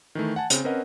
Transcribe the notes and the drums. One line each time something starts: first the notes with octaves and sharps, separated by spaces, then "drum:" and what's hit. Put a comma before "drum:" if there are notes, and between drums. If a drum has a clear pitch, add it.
D#3 E3 A3
F#5 G#5 A5
C#3 C4, drum: hi-hat
C4 C#4 A#4 B4 D#5 F#5